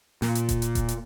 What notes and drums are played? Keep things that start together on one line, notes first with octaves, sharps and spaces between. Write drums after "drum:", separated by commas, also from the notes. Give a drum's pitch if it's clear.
A#2, drum: snare
drum: hi-hat
drum: kick E1, hi-hat
drum: hi-hat
drum: kick E1, hi-hat
drum: hi-hat